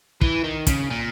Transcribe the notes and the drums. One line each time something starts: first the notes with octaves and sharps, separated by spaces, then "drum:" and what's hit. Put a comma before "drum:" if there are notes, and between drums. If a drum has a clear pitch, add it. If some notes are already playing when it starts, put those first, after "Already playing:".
E3, drum: kick
D#3
C#3, drum: kick, hi-hat
A#2